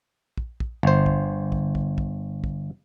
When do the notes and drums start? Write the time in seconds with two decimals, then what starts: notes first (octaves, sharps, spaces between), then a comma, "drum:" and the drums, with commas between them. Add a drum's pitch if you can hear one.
0.37 drum: kick
0.60 drum: kick
0.83 G1 C5
1.06 drum: kick
1.52 drum: kick
1.75 drum: kick
1.98 drum: kick
2.44 drum: kick